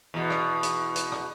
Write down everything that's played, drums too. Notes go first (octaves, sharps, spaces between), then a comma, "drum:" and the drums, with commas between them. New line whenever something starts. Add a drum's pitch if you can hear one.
E2 B2
drum: rim click
drum: hi-hat
drum: hi-hat
drum: rim click